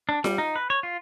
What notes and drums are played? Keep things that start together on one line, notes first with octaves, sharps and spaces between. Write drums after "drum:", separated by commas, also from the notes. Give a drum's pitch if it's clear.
D4
G3, drum: snare F4
D#4
B4
C#5
F4